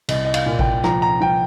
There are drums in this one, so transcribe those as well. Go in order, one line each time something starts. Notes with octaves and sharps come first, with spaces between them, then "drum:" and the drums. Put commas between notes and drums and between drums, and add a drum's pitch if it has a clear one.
C2 D#5, drum: cymbal
D#5
F5, drum: cymbal
A#2
G5, drum: kick A1
F3 A#5, drum: rim click
A#5
F3 G5